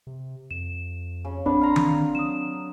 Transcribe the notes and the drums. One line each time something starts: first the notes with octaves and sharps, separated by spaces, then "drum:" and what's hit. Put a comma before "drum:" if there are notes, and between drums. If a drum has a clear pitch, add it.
C3
F2 E7
C#3
A1 D3 C4 D4 B5
F5 A#5 C6
drum: tom D#3
F#3 D#6 E7